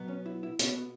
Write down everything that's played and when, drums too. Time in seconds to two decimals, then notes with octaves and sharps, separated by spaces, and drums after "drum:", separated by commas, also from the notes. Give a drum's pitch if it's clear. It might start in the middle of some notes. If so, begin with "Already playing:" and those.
Already playing: B2 F#3 B3
0.08 C#4
0.26 E4
0.43 E4
0.59 B2 B3 C#4, drum: hi-hat
0.72 B3